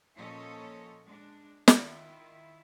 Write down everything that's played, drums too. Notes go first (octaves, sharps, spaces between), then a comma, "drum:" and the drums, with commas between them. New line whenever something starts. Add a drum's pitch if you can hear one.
A#2 F3 C#4 A4 C#5 D#5
G#3 D4
D#3 E4 F4, drum: snare